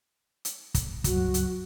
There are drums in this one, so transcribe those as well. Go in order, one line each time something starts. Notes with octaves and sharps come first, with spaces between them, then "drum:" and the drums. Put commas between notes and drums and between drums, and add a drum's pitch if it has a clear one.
drum: hi-hat
drum: kick, hi-hat
C#2 G2 F#3 F#4, drum: kick, hi-hat
drum: hi-hat